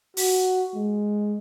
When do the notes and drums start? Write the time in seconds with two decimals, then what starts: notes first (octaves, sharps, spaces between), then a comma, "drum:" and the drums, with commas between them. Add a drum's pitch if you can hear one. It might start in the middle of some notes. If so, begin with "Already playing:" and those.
0.17 F#4, drum: open hi-hat
0.75 G#3